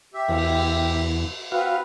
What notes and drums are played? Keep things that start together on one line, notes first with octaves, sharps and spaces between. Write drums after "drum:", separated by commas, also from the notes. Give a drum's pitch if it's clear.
G4 E5
E2, drum: cymbal
C4 F#4 B4 F5